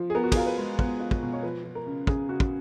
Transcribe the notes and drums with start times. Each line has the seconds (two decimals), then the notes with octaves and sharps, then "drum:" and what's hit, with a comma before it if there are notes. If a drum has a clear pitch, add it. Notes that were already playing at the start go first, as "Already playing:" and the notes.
Already playing: F3
0.10 G#4
0.15 B3 A#4
0.24 F#4
0.32 G#4, drum: kick, cymbal
0.36 F4 A#4
0.46 B4
0.58 G#3
0.79 B3, drum: kick
1.00 F4
1.11 drum: kick
1.23 B2
1.33 C#5
1.43 F3 B4
1.64 F3
1.75 A#4
1.87 C#3
2.07 C#3 G#4, drum: kick
2.29 C#3 F#4
2.40 drum: kick